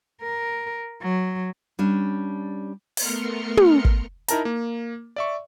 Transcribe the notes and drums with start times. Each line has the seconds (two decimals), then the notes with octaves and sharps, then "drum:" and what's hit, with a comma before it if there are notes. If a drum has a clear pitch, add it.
0.22 A#4
1.02 F#3
1.79 G3 C#4 D4
2.97 A3 B3 A#4 C6 F6 C#7, drum: open hi-hat
3.57 drum: tom
3.85 drum: kick
4.28 D#4 E4 A#4 A5 A#5, drum: hi-hat
4.45 A#3
5.16 D5 E5 C#6